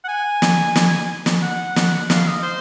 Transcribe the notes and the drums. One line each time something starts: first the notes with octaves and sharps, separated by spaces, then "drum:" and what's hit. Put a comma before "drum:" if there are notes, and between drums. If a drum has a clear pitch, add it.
F#5
G#5
drum: snare
drum: snare
drum: snare
F#5
drum: snare
F5, drum: snare
D#5
C5